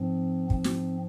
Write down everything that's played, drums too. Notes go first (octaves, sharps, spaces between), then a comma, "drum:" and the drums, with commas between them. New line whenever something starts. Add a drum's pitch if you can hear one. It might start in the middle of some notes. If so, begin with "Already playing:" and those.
Already playing: G#2 F3 C4
C4, drum: kick
drum: snare